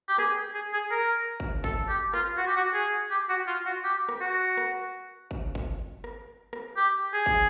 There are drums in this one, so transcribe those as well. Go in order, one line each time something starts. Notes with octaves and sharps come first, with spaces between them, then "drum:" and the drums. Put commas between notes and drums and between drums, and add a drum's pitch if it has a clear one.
G4
G#4, drum: rim click
G#4
G#4
A#4
drum: kick
A4, drum: kick
G4
F4, drum: rim click
F#4
G4
F#4
G#4
G4
F#4
F4
F#4
G4
drum: rim click
F#4
drum: rim click
drum: kick
drum: kick
drum: rim click
drum: rim click
G4
G#4
drum: kick